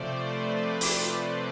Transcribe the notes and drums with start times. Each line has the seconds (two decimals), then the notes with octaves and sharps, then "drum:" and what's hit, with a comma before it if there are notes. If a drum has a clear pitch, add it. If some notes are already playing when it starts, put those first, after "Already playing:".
Already playing: C3 F3 A3 C5 D5
0.11 B4
0.81 drum: open hi-hat